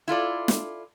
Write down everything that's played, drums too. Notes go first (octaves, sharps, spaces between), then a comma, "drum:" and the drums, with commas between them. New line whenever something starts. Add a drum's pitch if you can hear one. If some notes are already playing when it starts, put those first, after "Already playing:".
E4 F4 A4 D5
drum: snare